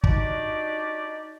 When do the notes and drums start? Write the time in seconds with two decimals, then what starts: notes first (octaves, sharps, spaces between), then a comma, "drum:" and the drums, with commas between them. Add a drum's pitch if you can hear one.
0.04 D4 D#4 F#4 G4 D5 D#5, drum: kick